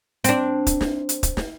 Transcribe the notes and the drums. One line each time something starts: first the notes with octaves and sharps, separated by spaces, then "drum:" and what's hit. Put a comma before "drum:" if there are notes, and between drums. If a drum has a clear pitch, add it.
C4 D4, drum: hi-hat
drum: kick, hi-hat
drum: snare
drum: hi-hat
drum: kick, hi-hat
drum: snare